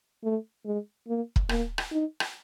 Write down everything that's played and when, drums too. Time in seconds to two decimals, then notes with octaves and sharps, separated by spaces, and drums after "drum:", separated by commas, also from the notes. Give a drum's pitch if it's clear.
0.24 A3
0.65 G#3
1.08 A#3
1.36 drum: kick
1.49 A#3, drum: rim click
1.78 drum: rim click
1.92 D#4
2.20 drum: rim click